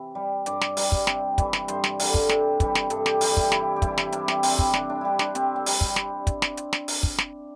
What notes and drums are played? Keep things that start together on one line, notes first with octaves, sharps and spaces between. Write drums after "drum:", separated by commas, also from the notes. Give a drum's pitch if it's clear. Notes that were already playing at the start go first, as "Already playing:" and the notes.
Already playing: C3 E3 E4
G3
G2 D5, drum: hi-hat
drum: snare
G3, drum: open hi-hat
drum: kick
C3, drum: snare
E3 G3, drum: kick, hi-hat
drum: snare
G2 C5, drum: hi-hat
drum: snare
D3 G3, drum: open hi-hat
drum: kick
C3, drum: snare
E3 G3, drum: kick, hi-hat
drum: snare
G2 A4, drum: hi-hat
G4, drum: snare
E3 G3 G4, drum: open hi-hat
E4, drum: kick
C3 E4, drum: snare
G4
E3 G3 E4, drum: kick, hi-hat
drum: snare
C3 E4, drum: hi-hat
drum: snare
G3 C4, drum: open hi-hat
drum: kick
C3 D4, drum: snare
D4
G3 E4 G4
D4, drum: snare
C3 C4, drum: hi-hat
C4
G3, drum: open hi-hat
drum: kick
drum: snare
drum: kick, hi-hat
drum: snare
drum: hi-hat
drum: snare
drum: open hi-hat
drum: kick
drum: snare